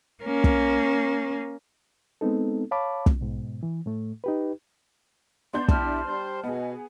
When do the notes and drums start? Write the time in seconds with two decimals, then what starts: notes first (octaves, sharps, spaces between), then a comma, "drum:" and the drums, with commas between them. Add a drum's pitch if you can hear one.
0.24 A#3 C#4
0.44 drum: kick
2.21 G#3 B3 C4 D#4 A4
2.71 C#5 F5 A5 B5 D6
3.06 drum: kick
3.21 G#2 B2
3.63 E3
3.86 A2 A3
4.24 D#4 G4 B4
5.53 B3 D4 C6 G6
5.68 E4 G4 A5 C6 F6, drum: kick
6.05 G3 C5
6.44 B2 B3 G#4 D#5